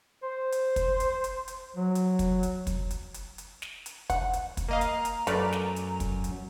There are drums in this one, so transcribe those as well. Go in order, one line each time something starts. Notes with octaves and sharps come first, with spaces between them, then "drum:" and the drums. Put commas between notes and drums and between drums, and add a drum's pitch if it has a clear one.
C5
drum: hi-hat
drum: kick, hi-hat
drum: hi-hat
drum: hi-hat
drum: hi-hat
F#3
drum: hi-hat
drum: kick, hi-hat
drum: hi-hat
drum: kick, hi-hat
drum: hi-hat
drum: hi-hat
drum: hi-hat
drum: snare
drum: hi-hat
F#5, drum: kick, hi-hat
drum: hi-hat
drum: kick, hi-hat
A#3 D#5 F5 A#5
drum: hi-hat
drum: hi-hat
F#2 A3 A#4 B4 D5, drum: hi-hat
drum: snare
drum: hi-hat
drum: kick, hi-hat
drum: hi-hat